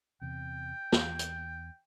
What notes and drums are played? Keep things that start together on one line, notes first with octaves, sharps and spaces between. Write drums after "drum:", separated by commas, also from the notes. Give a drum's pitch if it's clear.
E2 C3 G5
E2, drum: snare
drum: hi-hat